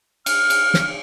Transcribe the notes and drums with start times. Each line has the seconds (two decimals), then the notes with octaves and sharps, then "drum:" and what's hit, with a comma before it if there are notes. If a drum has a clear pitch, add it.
0.26 F6, drum: cymbal
0.50 drum: cymbal
0.74 drum: snare